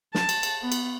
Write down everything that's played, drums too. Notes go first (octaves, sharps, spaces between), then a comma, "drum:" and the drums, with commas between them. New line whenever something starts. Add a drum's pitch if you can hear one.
A5, drum: snare
drum: cymbal
drum: cymbal
B3
drum: cymbal